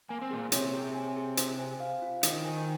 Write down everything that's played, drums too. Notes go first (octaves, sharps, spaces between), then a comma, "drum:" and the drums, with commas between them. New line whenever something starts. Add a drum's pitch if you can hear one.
A#3 G#5
C4
A#2 A#3 G#4
C3 C4 C#5, drum: hi-hat
G#4
G#5
G#4
C5, drum: hi-hat
G#5
F5
F4
D#3 D#4 C5, drum: hi-hat
G#5